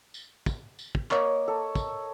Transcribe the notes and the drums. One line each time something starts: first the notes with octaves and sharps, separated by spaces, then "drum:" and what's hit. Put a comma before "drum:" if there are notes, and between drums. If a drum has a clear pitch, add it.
drum: tambourine
drum: kick, tambourine
drum: tambourine
drum: kick
A#3 C#5 D#5, drum: clap
A4
drum: kick, tambourine